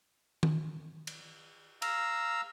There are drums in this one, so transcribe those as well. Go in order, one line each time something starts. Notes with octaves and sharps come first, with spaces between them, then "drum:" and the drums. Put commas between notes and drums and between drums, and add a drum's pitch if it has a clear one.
drum: tom
drum: cymbal
F5 A#5 E6, drum: cymbal